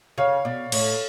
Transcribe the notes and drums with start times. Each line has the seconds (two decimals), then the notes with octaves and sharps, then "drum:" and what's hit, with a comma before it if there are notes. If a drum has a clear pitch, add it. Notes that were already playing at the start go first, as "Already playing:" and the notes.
0.18 C#3 C#5 F5
0.45 B2 D5
0.72 A2 C#5, drum: cymbal